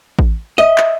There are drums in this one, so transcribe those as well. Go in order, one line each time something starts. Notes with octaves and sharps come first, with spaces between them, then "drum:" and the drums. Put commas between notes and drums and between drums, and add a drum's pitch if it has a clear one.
drum: kick A1
D#5 E5
drum: clap